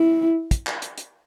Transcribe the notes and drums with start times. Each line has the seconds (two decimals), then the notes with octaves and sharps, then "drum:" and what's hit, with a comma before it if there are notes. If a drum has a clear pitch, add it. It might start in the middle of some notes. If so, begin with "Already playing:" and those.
Already playing: E4
0.51 drum: kick, hi-hat
0.67 drum: clap
0.82 drum: hi-hat
0.98 drum: hi-hat